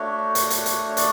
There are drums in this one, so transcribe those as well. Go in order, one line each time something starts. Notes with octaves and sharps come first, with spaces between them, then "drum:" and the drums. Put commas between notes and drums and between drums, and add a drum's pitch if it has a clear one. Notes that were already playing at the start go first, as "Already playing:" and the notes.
Already playing: A3 D4 F#4 C#5
drum: hi-hat
drum: hi-hat
drum: hi-hat
C#5
D5, drum: hi-hat